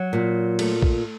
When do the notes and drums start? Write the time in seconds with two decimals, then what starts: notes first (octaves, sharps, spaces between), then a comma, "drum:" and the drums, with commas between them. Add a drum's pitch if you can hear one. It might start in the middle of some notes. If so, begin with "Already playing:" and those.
Already playing: F#3
0.13 A#2
0.59 A3, drum: cymbal
0.82 drum: kick A#1